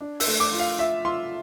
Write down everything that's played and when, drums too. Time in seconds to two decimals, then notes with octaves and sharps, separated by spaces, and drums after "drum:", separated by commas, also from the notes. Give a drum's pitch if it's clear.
0.01 D4
0.20 E6, drum: open hi-hat
0.27 A3
0.40 D6
0.53 F4
0.59 F5
0.79 F4 E5
1.05 F4 C6